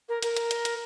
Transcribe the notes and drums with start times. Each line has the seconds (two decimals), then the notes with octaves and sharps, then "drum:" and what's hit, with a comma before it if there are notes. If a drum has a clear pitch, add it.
0.08 A#4
0.23 A#4, drum: hi-hat
0.37 drum: hi-hat
0.51 drum: hi-hat
0.65 drum: hi-hat